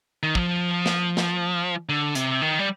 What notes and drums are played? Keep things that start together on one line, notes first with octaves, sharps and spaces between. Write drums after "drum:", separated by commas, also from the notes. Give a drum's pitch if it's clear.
D#3
F3, drum: kick
drum: snare
drum: snare
D3
C3, drum: hi-hat
D#3
G3